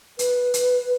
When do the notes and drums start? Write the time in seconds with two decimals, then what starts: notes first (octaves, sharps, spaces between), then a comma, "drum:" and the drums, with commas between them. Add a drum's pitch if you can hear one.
0.19 B4, drum: hi-hat
0.54 drum: hi-hat